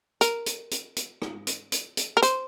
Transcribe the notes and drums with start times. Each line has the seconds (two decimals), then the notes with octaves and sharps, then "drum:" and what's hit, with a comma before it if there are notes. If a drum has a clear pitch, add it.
0.21 A#4, drum: hi-hat
0.46 drum: hi-hat
0.71 drum: hi-hat
0.96 drum: hi-hat
1.22 drum: rim click
1.47 drum: hi-hat
1.72 drum: hi-hat
1.97 drum: hi-hat
2.17 A#4
2.23 C5, drum: hi-hat